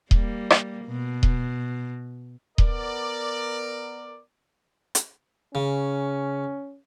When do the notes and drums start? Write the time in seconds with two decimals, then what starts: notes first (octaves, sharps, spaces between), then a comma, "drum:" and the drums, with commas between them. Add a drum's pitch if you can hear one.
0.11 G3 A#3, drum: kick D#1
0.50 drum: rim click
0.85 B2
1.23 drum: kick D#1
2.58 B3 A#4 D5, drum: kick D#1
4.95 drum: hi-hat
5.55 C#3 C#4